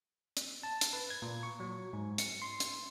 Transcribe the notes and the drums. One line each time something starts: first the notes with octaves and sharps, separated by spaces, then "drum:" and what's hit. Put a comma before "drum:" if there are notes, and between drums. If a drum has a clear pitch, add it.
drum: hi-hat
A5
drum: hi-hat
B4
G#6
A#2
C#6
F#3
G#2
C#7, drum: hi-hat
C6
drum: hi-hat